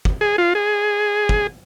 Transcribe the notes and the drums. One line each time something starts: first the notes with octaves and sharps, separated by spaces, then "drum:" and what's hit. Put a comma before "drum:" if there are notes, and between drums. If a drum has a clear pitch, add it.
drum: kick
G#4
F4
G#4
drum: kick